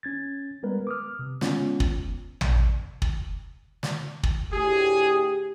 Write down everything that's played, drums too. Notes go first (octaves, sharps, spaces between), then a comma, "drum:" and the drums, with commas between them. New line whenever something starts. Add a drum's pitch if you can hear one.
C#4 G#6 A6
G3 G#3 B3 A#4 B4
D6 D#6 F6
C3
G#3 B3 C#4 F4, drum: snare
drum: kick
drum: tom
drum: kick
drum: snare
drum: kick
D2 A2 G4 G#4